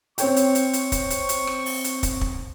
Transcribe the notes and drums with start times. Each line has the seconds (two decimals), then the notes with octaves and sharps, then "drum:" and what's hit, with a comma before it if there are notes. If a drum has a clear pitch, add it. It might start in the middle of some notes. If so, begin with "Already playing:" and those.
0.18 C4 C#5 G5 C#6, drum: hi-hat
0.36 drum: hi-hat
0.55 drum: hi-hat
0.73 drum: hi-hat
0.92 drum: kick, hi-hat
1.10 drum: hi-hat
1.29 drum: hi-hat
1.47 drum: rim click
1.66 drum: open hi-hat
1.84 drum: hi-hat
2.03 drum: kick, hi-hat
2.21 drum: kick